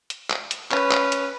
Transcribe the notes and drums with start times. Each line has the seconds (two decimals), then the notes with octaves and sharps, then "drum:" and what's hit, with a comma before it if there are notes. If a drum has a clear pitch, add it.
0.10 drum: hi-hat
0.31 drum: clap
0.51 drum: hi-hat
0.71 C#4 B4, drum: clap
0.92 drum: clap
1.12 drum: hi-hat